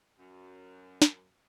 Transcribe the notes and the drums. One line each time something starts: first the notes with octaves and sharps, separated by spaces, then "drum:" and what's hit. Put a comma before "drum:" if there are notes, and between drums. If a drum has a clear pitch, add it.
F#2
drum: snare